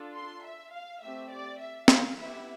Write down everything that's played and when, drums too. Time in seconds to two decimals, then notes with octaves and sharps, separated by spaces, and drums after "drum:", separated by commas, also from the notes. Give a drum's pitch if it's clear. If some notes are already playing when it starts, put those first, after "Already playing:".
Already playing: D4 F4 A4
0.14 C6
0.44 E5
0.72 F5
1.01 A3 C4 G4 E5
1.30 D5
1.59 E5
1.88 F5, drum: snare
2.18 B3 E4 G4 E5